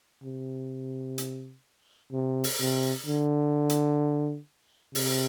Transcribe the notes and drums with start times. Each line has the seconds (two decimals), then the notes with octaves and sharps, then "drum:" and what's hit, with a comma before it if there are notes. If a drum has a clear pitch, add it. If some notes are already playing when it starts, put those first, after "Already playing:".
0.23 C3
1.18 drum: hi-hat
2.12 C3
2.44 drum: open hi-hat
2.60 C3
3.06 D3
3.69 drum: hi-hat
4.95 C3, drum: open hi-hat